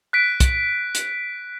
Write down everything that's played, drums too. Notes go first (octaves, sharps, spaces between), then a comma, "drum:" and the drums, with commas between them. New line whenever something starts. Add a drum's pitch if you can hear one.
F#6 B6 D7
drum: kick, hi-hat
drum: hi-hat